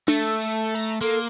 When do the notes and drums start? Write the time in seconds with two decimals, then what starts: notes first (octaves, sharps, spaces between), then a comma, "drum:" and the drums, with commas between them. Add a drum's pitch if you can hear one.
0.08 A3 A4, drum: tom D4
0.75 A#5
1.01 A#3 A4 C6